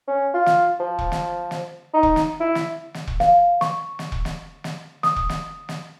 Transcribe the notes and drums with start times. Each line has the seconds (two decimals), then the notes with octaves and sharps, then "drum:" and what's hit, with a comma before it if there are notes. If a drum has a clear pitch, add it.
0.07 C#4
0.34 F4
0.46 drum: snare
0.80 F3
0.99 drum: kick E1
1.12 drum: snare
1.51 drum: snare
1.94 D#4
2.03 drum: kick E1
2.16 drum: snare
2.40 E4
2.55 drum: snare
2.94 drum: snare
3.07 drum: kick E1
3.20 F5, drum: snare
3.61 C#6, drum: snare
3.99 drum: snare
4.12 drum: kick E1
4.25 drum: snare
4.64 drum: snare
5.03 D#6, drum: snare
5.16 drum: kick E1
5.29 drum: snare
5.69 drum: snare